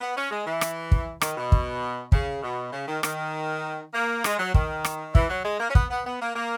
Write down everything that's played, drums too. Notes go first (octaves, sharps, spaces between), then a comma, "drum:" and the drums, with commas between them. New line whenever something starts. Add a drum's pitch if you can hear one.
B3
C#4
G#3
E3
drum: rim click
drum: kick
D#3, drum: rim click
B2
drum: kick
C#3, drum: kick
B2
C#3
D#3
D#3, drum: rim click
A#3
G#3, drum: rim click
F#3
D#3, drum: kick
drum: rim click
E3, drum: kick
F#3
G#3
A#3
C#4
B3, drum: kick
B3
B3
A#3
A#3